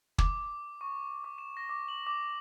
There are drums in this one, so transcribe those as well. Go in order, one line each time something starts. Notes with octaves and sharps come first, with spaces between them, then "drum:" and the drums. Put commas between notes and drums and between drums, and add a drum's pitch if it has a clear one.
D6, drum: kick
C#6
D6
E7
A#6
D6
F#7
D6